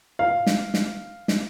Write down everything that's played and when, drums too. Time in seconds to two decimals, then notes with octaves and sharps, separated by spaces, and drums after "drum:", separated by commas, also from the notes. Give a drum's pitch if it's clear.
0.19 F5
0.46 drum: snare
0.74 drum: snare
1.28 drum: snare